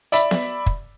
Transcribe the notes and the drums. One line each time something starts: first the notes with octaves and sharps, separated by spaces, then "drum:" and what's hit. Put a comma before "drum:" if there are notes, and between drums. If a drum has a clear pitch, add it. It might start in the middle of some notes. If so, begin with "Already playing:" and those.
D5 E5 B5, drum: hi-hat
drum: snare B3
drum: kick